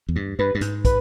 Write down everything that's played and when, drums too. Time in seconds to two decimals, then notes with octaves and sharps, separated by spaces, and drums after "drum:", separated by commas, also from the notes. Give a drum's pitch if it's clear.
0.09 E2
0.16 G2
0.39 G2 B4
0.55 G2
0.61 G#2, drum: hi-hat
0.85 B4, drum: kick, hi-hat